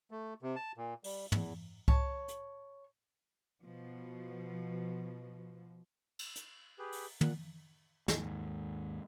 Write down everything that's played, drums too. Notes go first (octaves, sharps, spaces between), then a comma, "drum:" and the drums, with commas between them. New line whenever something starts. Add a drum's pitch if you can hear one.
A3
C3
A5
A#2
G3, drum: open hi-hat
E2, drum: tom
C#5 A5, drum: kick C2
drum: hi-hat
B2 F3
drum: cymbal
drum: hi-hat
G4 G#4 B4
drum: open hi-hat
A#2 F#5, drum: tom
D#2 G#2, drum: snare